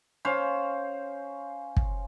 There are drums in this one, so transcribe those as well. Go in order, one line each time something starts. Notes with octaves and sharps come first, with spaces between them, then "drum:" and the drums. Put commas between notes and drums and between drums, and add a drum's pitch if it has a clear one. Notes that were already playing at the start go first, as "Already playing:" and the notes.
C#4 C5 F5
drum: kick